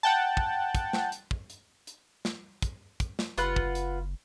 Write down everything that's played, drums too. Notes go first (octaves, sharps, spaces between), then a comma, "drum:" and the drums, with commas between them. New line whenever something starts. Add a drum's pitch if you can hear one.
F#5 G5 A5
drum: kick
drum: kick, hi-hat
drum: snare
drum: hi-hat
drum: kick
drum: hi-hat
drum: hi-hat
drum: snare
drum: kick, hi-hat
drum: kick, hi-hat
drum: snare
F#1 F4 B4 F#5, drum: hi-hat
drum: kick
drum: hi-hat